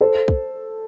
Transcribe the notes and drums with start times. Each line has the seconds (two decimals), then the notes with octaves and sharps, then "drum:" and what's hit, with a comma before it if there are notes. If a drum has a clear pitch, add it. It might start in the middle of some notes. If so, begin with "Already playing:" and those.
0.01 A4 C5
0.28 drum: kick